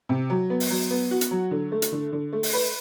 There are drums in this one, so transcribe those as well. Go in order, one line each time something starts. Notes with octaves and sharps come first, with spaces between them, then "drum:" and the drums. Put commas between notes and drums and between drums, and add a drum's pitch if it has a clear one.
C3
F#3
B3
drum: open hi-hat
F#3
B3
F#4
drum: hi-hat
F#3
D3
A3
drum: hi-hat
D3
D3
A3
drum: open hi-hat
B4